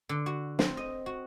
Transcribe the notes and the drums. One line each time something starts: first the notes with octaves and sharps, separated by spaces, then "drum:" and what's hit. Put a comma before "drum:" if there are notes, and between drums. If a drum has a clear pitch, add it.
D3
F#4
C4, drum: snare
D#5
F#4